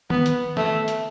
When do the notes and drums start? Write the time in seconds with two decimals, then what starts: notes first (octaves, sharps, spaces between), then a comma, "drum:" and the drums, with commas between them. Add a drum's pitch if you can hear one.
0.10 B3, drum: tom D#3
0.26 drum: hi-hat
0.57 A3, drum: snare
0.88 drum: hi-hat